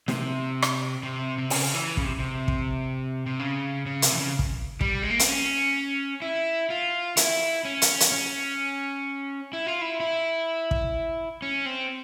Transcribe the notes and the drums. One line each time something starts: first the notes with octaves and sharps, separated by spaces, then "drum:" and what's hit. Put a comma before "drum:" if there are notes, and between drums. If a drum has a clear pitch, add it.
C3, drum: snare
drum: rim click
C3
C3
C#3, drum: open hi-hat
E3
C#3, drum: kick
C3
C3
drum: kick
C3
C#3
C#3
C3, drum: hi-hat
E3
C#3
drum: kick
G3, drum: kick
G#3
A#3
C4, drum: hi-hat
C#4
E4
F4
E4, drum: hi-hat
C#4
drum: hi-hat
drum: hi-hat
C#4
E4
F4
E4
E4
drum: kick
C#4
C4